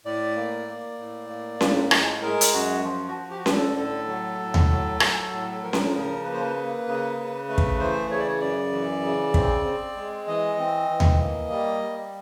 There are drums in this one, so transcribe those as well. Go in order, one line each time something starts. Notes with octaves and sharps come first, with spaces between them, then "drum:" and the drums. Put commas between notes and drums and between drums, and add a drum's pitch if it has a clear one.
A2 D5
A#3
A#3
A2
A#3
A2, drum: snare C#4
G#3, drum: rim click
G#3 A#4
drum: hi-hat
F#2 F#4
F3 F4
F#4
F3
G4
F#4
D3 G4, drum: snare C#4
A4
A2 A4
F#3
A2
drum: tom D#2
F#3
F#3, drum: rim click
A2
A4
F3 A#4
drum: snare C#4
C#3 A#4
A#3 B4
C5
B4
A#3
C#3
C#3
A3 B4
drum: kick
E3 C5
C#3 C#5
D5
C#5
F#2 D5
E3
C#3
C4, drum: kick
C4
G#3
E3 D#5
C4
E3
drum: tom D#2
A#3
G3
G3